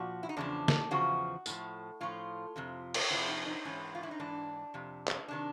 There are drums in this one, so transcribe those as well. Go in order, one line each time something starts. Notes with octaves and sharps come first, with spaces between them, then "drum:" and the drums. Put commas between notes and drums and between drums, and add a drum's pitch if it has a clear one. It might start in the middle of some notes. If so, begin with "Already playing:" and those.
Already playing: A#2 F3 F#4
E4
D#4
E2 C#3 F3 D4
drum: snare
E2 C#3 F3 F#4
A2 F3, drum: tambourine
A2 F3 F4
F2 C3 F3
drum: cymbal
F2 C3 F3 E4
D#4
D#4
G#2 E3 C#4
F4
E4
D#4
G#2 E3 D4
F2 C3
drum: clap
C3 D#3 D4